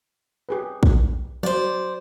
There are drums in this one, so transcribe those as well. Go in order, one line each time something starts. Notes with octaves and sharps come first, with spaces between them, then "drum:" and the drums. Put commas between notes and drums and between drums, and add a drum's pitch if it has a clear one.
G4 G#4 B4
drum: kick
F#3 C5 D5